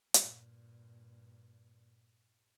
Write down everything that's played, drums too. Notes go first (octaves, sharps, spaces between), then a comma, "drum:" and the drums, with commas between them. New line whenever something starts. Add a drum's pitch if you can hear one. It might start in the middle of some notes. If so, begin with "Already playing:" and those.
G2 A#2, drum: hi-hat